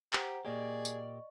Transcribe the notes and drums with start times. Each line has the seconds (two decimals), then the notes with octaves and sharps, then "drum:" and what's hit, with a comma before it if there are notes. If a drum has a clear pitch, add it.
0.13 G4 C5 F#5 A#5, drum: clap
0.45 A#2 A#3 G4 G#4 D5 D#5 C#6
0.85 drum: tambourine